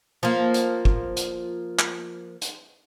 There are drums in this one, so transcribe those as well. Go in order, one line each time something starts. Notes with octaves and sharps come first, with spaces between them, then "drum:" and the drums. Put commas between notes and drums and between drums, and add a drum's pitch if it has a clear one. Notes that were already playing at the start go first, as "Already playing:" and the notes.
F3 A#3
drum: hi-hat
drum: kick
drum: hi-hat
drum: clap
drum: hi-hat